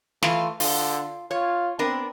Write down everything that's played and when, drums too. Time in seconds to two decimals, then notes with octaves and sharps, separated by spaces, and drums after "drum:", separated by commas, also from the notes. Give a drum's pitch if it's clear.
0.23 E3 A3 F4, drum: snare
0.60 D3 F4, drum: open hi-hat
1.31 F4 C#5
1.79 B3 C4 D4 A#4